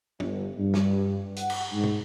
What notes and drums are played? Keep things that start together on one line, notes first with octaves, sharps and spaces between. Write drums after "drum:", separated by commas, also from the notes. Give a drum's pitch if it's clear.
G1, drum: tom
G2
drum: snare
F#5, drum: hi-hat
drum: cymbal
G#2
drum: tom